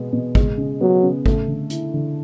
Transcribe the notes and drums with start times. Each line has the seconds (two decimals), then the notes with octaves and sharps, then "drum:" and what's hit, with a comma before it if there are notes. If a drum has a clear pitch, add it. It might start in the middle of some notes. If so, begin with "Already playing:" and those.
Already playing: B2 G#3 B3
0.13 B2
0.35 G#3, drum: kick G#1
0.58 C#3
0.81 F#3 B3
1.03 C#3
1.26 A3, drum: kick G#1
1.48 D3
1.70 E4, drum: hi-hat
1.94 D3